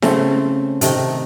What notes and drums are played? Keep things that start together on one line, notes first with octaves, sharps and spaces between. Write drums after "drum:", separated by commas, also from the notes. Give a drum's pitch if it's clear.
C#3 A3 C4, drum: snare E4
C3 D#3 A3, drum: hi-hat